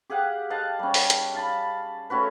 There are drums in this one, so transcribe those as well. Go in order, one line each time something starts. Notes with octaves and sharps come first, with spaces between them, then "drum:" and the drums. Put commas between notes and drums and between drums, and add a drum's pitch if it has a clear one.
G4 G#4 F5 F#5
D#5 F5 F#5 A5
G3 C#4
drum: open hi-hat
drum: hi-hat
F5 A5 B5
A3 C#4 F#4 B4